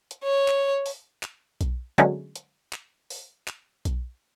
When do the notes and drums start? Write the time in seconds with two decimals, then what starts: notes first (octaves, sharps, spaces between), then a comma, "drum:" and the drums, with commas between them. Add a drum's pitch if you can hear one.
0.11 drum: hi-hat
0.23 C#5
0.48 drum: clap
0.86 drum: open hi-hat
1.23 drum: clap
1.61 drum: kick B1, hi-hat
1.98 D3 F#3 G#3 A3 B3 C#4, drum: hi-hat
2.36 drum: hi-hat
2.73 drum: clap
3.10 drum: open hi-hat
3.48 drum: clap
3.85 drum: kick B1, hi-hat